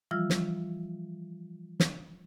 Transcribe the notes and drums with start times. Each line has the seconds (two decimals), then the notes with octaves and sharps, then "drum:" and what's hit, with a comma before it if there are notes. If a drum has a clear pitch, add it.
0.11 E3 F3 G3 F4 E6 F6
0.30 drum: snare
1.80 drum: snare